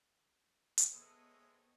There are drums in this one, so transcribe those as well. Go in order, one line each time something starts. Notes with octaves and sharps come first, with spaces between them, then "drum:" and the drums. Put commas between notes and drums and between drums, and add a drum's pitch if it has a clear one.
drum: hi-hat
G#3 B3 C4 A4 B4 C#5 D#5 E5